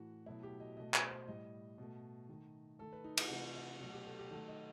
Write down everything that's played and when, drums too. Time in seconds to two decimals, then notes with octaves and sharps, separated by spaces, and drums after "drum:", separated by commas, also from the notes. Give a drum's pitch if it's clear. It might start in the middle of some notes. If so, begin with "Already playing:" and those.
Already playing: A2 E3 A3 F#4
0.26 B2 F#3 A3 E4
0.43 G4
0.60 D#5
0.77 B2 A3 D#5
0.94 C5, drum: clap
1.11 C5
1.27 A2 G3 D#5
1.78 B2 A3
2.29 D#3 A3
2.79 D#3 A3 A4
2.92 B4
3.04 D#4
3.17 E4, drum: cymbal
3.29 C3 E3 A3
3.56 E4
3.80 B2 F#3 A3 F#4
3.93 G4
4.06 A4
4.19 G4
4.31 D#3 F#3 A3 A4
4.48 D#5